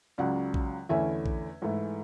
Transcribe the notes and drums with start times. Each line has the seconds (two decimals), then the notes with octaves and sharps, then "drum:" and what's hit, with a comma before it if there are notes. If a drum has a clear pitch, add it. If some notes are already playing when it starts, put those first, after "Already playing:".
0.18 C#2 C#3 F#3 D5 F#5
0.54 drum: kick A#1
0.89 E2 D3 A3 C#4 E4 E5 G#5
1.26 drum: kick A#1
1.62 G#2 E3 A3 E4